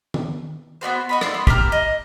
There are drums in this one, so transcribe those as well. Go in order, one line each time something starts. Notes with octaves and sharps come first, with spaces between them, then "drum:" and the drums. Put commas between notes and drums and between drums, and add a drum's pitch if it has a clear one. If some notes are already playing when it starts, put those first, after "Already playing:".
drum: tom D#3
B3 D#4 F#4 C5
F#4 D#5 B5
D5 E5 C6, drum: rim click
B3
G4 E5 A#5 F6, drum: kick
D#5